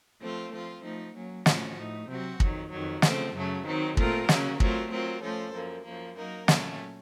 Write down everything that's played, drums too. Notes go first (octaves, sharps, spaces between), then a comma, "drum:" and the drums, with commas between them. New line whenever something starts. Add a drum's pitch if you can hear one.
F3 A3 C4 F4
F3 C4 F4
F3 A3 D#4
F#3 A#3 C#4
A2 F3 A3 C#4 F#4, drum: snare
A2 A3 D#4
C3 F#3 C4 F#4
F2 D#3 F#3, drum: kick
F2 D#3 F#3
C#3 F3 A3 C4, drum: snare
F#2 C#3 F#3 A3
D#3 F#3 C4 D#4
A#2 A3 C4 F4 A#4, drum: kick
C#3 F#3 A#3 C#4, drum: snare
F#3 A3 C4 F4 A#4, drum: kick
F#3 C4 F4 A#4
F3 A3 C#4 A4 C5
F#2 F3 A#3
F#2 F3 A#3
F#3 A#3 D#4 A#4
A#2 F#3 A3 C#4, drum: snare